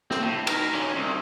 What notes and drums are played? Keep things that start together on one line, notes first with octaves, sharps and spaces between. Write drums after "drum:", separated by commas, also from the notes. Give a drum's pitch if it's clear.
C4, drum: snare
A2
A#4, drum: cymbal
D3 C#4
C2